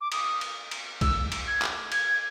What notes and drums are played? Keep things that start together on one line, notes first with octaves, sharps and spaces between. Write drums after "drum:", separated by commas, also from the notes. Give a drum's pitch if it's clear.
D6
D#6, drum: cymbal
drum: cymbal
drum: cymbal
E6, drum: kick, cymbal
drum: cymbal
G#6
drum: clap
G#6, drum: cymbal